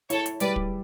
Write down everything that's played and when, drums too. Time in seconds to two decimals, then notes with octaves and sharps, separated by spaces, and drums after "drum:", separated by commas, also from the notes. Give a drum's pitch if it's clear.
0.10 E4 A4 C#5, drum: hi-hat
0.26 drum: hi-hat
0.40 G3 B4 D5, drum: hi-hat
0.56 drum: kick